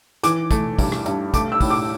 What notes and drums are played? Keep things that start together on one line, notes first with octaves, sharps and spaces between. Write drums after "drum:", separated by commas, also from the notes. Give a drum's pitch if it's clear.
E3 D6, drum: hi-hat
A3, drum: kick, hi-hat
G2, drum: kick, open hi-hat
drum: rim click
G2, drum: hi-hat
A3 D6, drum: kick, hi-hat
E6
A2, drum: kick, open hi-hat
D6